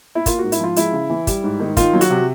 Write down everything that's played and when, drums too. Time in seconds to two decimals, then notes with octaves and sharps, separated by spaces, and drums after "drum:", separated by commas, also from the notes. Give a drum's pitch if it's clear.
0.15 E4
0.26 A#3 F4, drum: kick, hi-hat
0.39 F#4
0.44 G#2
0.52 E4, drum: hi-hat
0.59 F3 F4
0.76 G#3 E4, drum: hi-hat
0.93 C#3
1.10 E3
1.27 G3, drum: kick, hi-hat
1.44 G#2
1.60 D#3
1.77 D#3 F4, drum: kick, hi-hat
1.93 F#3
2.01 F#4, drum: hi-hat
2.10 C3